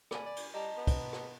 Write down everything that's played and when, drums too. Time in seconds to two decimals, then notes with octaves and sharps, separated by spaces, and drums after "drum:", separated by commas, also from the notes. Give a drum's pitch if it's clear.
0.11 D5 G#5 B5, drum: rim click
0.26 D5
0.36 drum: cymbal
0.54 G3 D#5 A5 A#5
0.77 B3
0.87 drum: kick, cymbal
1.13 drum: rim click